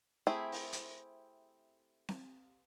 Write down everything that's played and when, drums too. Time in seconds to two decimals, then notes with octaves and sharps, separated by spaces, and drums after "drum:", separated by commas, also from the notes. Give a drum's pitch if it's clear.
0.27 A3 C4 E4 G4 G#4
0.52 drum: open hi-hat
0.73 drum: hi-hat
2.09 drum: snare C4